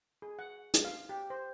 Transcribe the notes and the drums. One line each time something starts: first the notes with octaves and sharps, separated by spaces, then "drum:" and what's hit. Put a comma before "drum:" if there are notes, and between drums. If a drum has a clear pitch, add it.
G#4
F#5
drum: hi-hat
F5
G4
C5